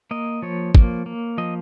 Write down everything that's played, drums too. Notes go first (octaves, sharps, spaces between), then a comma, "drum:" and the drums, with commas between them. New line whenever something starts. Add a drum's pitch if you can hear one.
A#3 D#5
F3 C#5
A#3, drum: kick
A#3
F3 D#5